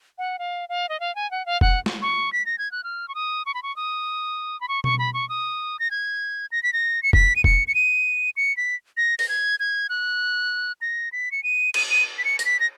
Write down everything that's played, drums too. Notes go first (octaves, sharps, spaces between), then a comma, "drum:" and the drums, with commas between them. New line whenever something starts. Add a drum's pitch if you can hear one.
F#5
F5
F5
D#5
F5
G#5
F#5
F5
F#5, drum: kick F1
drum: snare
C#6
B6
A#6
G#6
F#6
F6
C#6
D#6
C#6
B5
C#6
D#6
B5
C#6
C#6, drum: tom B2
B5
C#6
D#6
A#6
G#6
A#6
B6
A#6
C#7
B6, drum: kick F1
D#7
C#7, drum: kick F1
C#7
D#7
C#7
B6
A#6
A#6, drum: open hi-hat
G#6
G#6
F#6
A#6
B6
C#7
D#7
D#7, drum: cymbal
D#7
B6
C#7
A#6, drum: hi-hat
B6
A#6